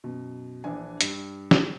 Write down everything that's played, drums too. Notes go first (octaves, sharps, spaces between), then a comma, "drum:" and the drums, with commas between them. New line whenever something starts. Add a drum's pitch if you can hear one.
F#2 B2
A#1 E3 D4 G#5
G2, drum: hi-hat
drum: snare